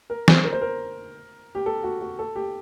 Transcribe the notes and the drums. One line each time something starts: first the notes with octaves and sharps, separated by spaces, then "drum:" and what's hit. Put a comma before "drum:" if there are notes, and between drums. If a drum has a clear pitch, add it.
A#4
C5, drum: snare
A#4
C5
A#4
G4
A4
F#4
F#4
A4
G4